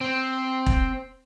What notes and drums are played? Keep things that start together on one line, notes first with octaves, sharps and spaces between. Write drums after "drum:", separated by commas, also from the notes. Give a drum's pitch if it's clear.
C4
drum: kick E1